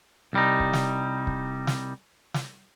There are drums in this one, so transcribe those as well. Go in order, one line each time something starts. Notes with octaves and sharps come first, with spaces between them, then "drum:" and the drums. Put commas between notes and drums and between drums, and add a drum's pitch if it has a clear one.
C2 G3 D#4
drum: kick C#1
drum: snare
drum: kick C#1
drum: snare
drum: snare